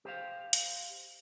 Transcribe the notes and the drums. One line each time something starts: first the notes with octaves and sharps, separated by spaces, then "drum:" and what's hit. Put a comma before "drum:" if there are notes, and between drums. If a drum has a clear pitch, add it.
G4 C5 F5
drum: hi-hat